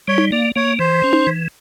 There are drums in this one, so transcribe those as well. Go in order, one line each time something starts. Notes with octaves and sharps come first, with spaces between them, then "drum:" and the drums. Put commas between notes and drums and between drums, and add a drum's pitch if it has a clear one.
G3 C#5
drum: tom D#4
A#3 D5
A#3 C#5
E3 C5
C#4
drum: tom D#4
E3